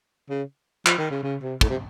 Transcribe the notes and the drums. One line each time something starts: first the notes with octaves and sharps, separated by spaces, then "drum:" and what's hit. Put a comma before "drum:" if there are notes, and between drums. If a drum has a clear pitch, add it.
C#3
F3, drum: clap
D#3
C#3
C#3
C3
A2, drum: kick
C3